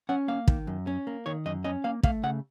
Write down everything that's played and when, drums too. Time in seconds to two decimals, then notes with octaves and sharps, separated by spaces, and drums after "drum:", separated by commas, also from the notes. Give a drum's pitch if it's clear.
0.09 C#4 F#5
0.28 A#3 F5
0.48 D#3, drum: kick
0.67 F#2
0.87 C#4
1.07 A#3
1.26 D#3 C#5
1.46 F#2 D#5
1.64 C#4 D#5
1.84 A#3 F5
2.03 A3 F5, drum: kick
2.23 C#3 F#5